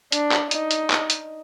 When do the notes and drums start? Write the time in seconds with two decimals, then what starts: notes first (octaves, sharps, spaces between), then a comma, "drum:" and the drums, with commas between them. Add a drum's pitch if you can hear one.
0.12 D4, drum: hi-hat
0.32 drum: clap
0.51 D#4, drum: hi-hat
0.71 drum: hi-hat
0.90 drum: clap
1.10 drum: hi-hat